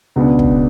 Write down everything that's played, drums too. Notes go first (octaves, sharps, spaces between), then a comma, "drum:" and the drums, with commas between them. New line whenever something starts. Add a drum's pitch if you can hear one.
C#2 B2 G#3 B3 D4
drum: kick